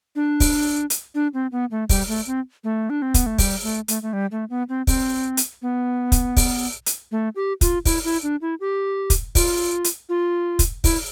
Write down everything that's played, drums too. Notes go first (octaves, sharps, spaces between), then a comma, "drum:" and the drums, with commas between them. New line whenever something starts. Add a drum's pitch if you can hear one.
D4
drum: kick, open hi-hat
drum: hi-hat
D4
C4
B3
A3
G3, drum: kick, open hi-hat
A3
C4
A3
D4
C4
B3, drum: kick, hi-hat
A3
G3, drum: kick, open hi-hat
A3
A3, drum: hi-hat
A3
G3
A3
B3
C4
C4, drum: kick, open hi-hat
drum: hi-hat
B3
drum: kick, hi-hat
drum: kick, open hi-hat
drum: hi-hat
A3
G4
F4, drum: kick, hi-hat
E4, drum: kick, open hi-hat
E4
D4
E4
G4
drum: kick, hi-hat
F4, drum: kick, open hi-hat
drum: hi-hat
F4
drum: kick, hi-hat
E4, drum: kick, open hi-hat